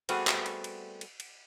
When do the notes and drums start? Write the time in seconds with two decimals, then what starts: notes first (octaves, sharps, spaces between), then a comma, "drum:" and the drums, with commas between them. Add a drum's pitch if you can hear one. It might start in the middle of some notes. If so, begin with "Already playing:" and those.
0.09 G3 A3 B3 C4 F#4 G#4, drum: cymbal
0.27 drum: clap
0.46 drum: cymbal
0.64 drum: cymbal
1.01 drum: cymbal
1.20 drum: cymbal